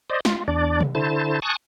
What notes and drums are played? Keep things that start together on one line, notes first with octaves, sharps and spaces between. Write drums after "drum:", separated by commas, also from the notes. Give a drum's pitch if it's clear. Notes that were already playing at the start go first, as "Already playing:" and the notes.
C5 D5 D#5
F4, drum: snare
E2 D4 D5
drum: tom C3
D3 E4 C5 A5
G#5 A5 C#6 D#6 F#6